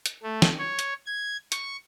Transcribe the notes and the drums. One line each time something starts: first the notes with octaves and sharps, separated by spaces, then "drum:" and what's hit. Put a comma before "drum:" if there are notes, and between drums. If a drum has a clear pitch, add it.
drum: hi-hat
A3
drum: snare
C#5
drum: hi-hat
G#6
C#6, drum: hi-hat